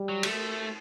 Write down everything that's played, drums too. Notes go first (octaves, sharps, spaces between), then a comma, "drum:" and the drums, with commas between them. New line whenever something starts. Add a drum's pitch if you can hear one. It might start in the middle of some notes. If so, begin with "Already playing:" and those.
Already playing: G3
F#3
A3, drum: cymbal